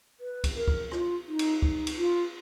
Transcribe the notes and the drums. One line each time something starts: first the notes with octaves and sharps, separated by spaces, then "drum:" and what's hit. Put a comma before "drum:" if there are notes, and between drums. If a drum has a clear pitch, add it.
B4
drum: kick C#2, cymbal
A#4
drum: kick C#2
F4, drum: rim click
D#4
drum: cymbal
D#4, drum: kick C#2
drum: cymbal
F4